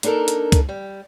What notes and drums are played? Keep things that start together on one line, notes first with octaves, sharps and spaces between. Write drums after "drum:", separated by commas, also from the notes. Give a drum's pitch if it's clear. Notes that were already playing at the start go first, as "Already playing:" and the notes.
A#3 D4 D#4 A4 A#4, drum: hi-hat
drum: hi-hat
drum: kick C#2, hi-hat
G3